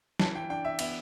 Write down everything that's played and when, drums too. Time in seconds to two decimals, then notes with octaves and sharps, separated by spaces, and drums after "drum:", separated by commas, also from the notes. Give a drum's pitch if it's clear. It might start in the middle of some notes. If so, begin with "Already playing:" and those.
0.20 E3 A5, drum: snare
0.35 G5
0.50 D4 G5
0.65 E5
0.79 B3 E5, drum: cymbal